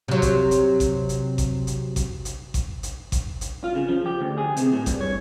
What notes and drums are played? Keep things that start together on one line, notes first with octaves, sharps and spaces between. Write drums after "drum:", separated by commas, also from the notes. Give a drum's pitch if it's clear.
C3 F#3
drum: kick G#1, hi-hat
drum: hi-hat
drum: kick G#1, hi-hat
drum: hi-hat
drum: kick G#1, hi-hat
drum: hi-hat
drum: kick G#1, hi-hat
drum: hi-hat
drum: kick G#1, hi-hat
drum: hi-hat
drum: kick G#1, hi-hat
drum: hi-hat
F4
C#3
F3
G4
D2
G#4
C3, drum: hi-hat
A2
G2, drum: kick G#1, hi-hat
C#5